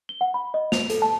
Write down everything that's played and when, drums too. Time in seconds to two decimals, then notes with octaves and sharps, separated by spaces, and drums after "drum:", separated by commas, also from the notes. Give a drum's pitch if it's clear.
0.09 G7
0.21 F#5
0.34 B5
0.54 D#5
0.72 F7, drum: snare A#3
0.90 A4, drum: hi-hat
1.02 A5